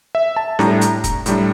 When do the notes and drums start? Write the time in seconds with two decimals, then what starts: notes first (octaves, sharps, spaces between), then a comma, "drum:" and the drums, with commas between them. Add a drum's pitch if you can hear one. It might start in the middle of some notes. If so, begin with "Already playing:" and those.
0.15 E5
0.37 A5
0.59 A2 G3 D4 A#5, drum: snare C4
0.81 drum: hi-hat
1.04 drum: kick, hi-hat
1.26 A2 G3 D4, drum: hi-hat